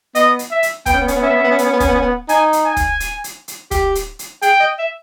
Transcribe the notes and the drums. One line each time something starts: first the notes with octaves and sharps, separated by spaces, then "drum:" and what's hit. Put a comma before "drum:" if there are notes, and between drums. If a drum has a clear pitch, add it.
B3 D#5, drum: hi-hat
drum: hi-hat
E5
drum: hi-hat
B3 G5, drum: kick, hi-hat
C#4
B3
C#4, drum: hi-hat
B3
C#4 E5
B3
C#4
B3
C#4
B3, drum: hi-hat
C#4
B3
C#4, drum: kick, hi-hat
B3
C#4
B3
D#4 G#5, drum: hi-hat
drum: hi-hat
G#5
drum: kick, hi-hat
drum: hi-hat
drum: hi-hat
drum: hi-hat
G4, drum: kick, hi-hat
drum: hi-hat
drum: hi-hat
G#4 G5, drum: hi-hat
D#5
E5